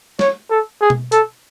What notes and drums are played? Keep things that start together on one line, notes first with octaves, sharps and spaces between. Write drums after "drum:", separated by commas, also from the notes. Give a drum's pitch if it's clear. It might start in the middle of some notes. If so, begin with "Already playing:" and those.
C#5, drum: snare
A4
G#4
drum: tom B2
A4, drum: hi-hat